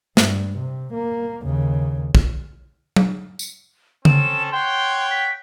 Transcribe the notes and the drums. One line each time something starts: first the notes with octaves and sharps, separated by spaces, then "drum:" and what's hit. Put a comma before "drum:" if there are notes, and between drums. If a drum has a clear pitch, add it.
G2, drum: snare
C3
A#3
D#2 C#3
drum: kick
drum: tom F#3
drum: tambourine
C4 C#4 A4 E7, drum: tom C#3
C#5 F#5 G5 C6
B6